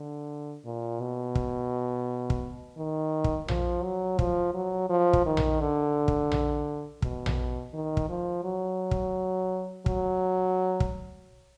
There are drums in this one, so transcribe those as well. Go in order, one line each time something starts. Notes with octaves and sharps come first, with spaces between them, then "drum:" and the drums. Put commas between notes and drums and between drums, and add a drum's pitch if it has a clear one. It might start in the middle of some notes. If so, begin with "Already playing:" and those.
Already playing: D3
A#2
B2
drum: kick
drum: kick
D#3
drum: kick
F3, drum: tom A#1
F#3
F3, drum: kick
F#3
F3
drum: kick
D#3
drum: tom A#1
D3
drum: kick
drum: tom A#1
B2, drum: kick
drum: tom A#1
D#3
drum: kick
F3
F#3
drum: kick
F#3, drum: kick
drum: kick